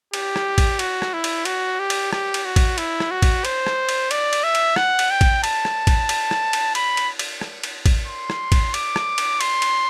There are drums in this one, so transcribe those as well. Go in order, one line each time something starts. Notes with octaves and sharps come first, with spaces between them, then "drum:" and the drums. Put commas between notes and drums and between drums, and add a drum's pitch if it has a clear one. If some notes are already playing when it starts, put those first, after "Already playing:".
G4, drum: cymbal
drum: rim click
drum: kick A1, cymbal
F#4, drum: cymbal
drum: rim click
E4
drum: cymbal
F#4, drum: cymbal
G4
drum: cymbal
G4, drum: rim click
drum: cymbal
F#4
drum: kick A1, cymbal
E4, drum: cymbal
drum: rim click
F#4
drum: kick A1, cymbal
C5, drum: cymbal
drum: rim click
drum: cymbal
D5, drum: cymbal
drum: cymbal
E5
drum: cymbal
F#5, drum: rim click
drum: cymbal
G5
drum: kick A1, cymbal
A5, drum: cymbal
drum: rim click
drum: kick A1, cymbal
drum: cymbal
drum: rim click
drum: cymbal
B5, drum: cymbal
drum: cymbal
drum: cymbal
drum: rim click
drum: cymbal
drum: kick A1, cymbal
C6
drum: rim click
drum: kick A1, cymbal
D6, drum: cymbal
drum: rim click
drum: cymbal
C6, drum: cymbal
drum: cymbal